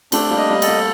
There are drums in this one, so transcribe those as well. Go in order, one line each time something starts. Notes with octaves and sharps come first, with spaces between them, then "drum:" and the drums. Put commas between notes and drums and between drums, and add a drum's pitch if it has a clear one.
A3 C4 D4, drum: cymbal
G3 A#3
D#5
G3 A#3
A4, drum: cymbal
G3 A#3